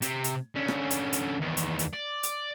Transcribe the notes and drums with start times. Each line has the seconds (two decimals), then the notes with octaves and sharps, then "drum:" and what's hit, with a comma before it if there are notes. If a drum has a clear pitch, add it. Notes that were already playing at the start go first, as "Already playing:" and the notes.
0.02 C3, drum: hi-hat
0.24 drum: hi-hat
0.55 D3 C#4
0.68 drum: rim click
0.90 drum: hi-hat
1.13 drum: hi-hat
1.41 E2 D#3
1.57 drum: hi-hat
1.79 drum: hi-hat
1.93 D5
2.23 drum: hi-hat